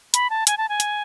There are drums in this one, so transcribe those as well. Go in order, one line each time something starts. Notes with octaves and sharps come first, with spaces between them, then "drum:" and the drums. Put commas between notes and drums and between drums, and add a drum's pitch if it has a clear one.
B5, drum: hi-hat
A5
G#5, drum: hi-hat
A5
G#5
drum: hi-hat